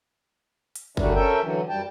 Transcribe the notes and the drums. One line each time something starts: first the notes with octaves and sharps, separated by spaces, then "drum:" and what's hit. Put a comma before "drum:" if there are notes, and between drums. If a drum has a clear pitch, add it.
drum: hi-hat
F#2 D3 F#3 G3 A3 D4, drum: kick G1
C#4 A4 A#4 E5 G5
D3 E3 F#3
F#2 G3 G5 A5